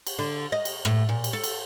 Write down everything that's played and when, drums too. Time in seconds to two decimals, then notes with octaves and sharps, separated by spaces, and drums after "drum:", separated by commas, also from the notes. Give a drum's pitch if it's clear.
0.07 drum: cymbal
0.19 D3
0.52 D#5
0.65 drum: cymbal
0.85 A2, drum: rim click
1.09 A#2
1.24 drum: cymbal
1.33 A4
1.44 drum: cymbal